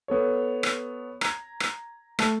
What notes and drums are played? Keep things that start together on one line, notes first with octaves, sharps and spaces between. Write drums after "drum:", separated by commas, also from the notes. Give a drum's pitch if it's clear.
B3 A4 C#5
drum: rim click
A#5 G#6, drum: rim click
drum: rim click
A3 A5, drum: rim click